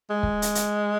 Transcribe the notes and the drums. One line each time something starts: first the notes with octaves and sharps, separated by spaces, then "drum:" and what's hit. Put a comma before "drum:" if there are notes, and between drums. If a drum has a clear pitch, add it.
G#3
drum: kick
drum: hi-hat
drum: hi-hat